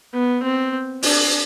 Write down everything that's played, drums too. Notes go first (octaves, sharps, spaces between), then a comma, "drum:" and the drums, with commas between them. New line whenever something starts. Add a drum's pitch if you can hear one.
B3
C4
D4, drum: open hi-hat